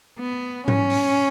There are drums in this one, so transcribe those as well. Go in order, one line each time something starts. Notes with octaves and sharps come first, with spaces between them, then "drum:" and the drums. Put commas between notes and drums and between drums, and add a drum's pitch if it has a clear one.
B3
C#4, drum: tom G#2
drum: open hi-hat